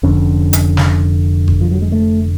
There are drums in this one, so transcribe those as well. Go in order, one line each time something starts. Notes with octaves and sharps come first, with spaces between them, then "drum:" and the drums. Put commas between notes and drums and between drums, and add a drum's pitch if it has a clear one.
F1 F2 D3 C#4
drum: hi-hat
drum: snare
drum: kick G1
F3
F#3
G#3
A3